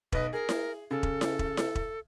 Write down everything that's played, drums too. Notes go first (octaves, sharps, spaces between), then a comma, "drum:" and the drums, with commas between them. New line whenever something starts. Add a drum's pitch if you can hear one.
B1 B4 D#5, drum: kick E1
G#4 A#4
drum: snare E4
C#3 A4
drum: kick E1
drum: snare E4
drum: kick E1
drum: snare E4
drum: kick E1